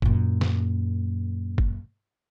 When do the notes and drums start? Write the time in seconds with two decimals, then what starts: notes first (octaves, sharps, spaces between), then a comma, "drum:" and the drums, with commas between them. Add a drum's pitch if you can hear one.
0.02 F#2 A#2, drum: kick G1
0.41 drum: snare
1.58 drum: kick G1